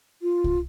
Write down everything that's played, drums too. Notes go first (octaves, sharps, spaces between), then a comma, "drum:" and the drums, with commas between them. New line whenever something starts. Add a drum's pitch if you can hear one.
F4
drum: kick C2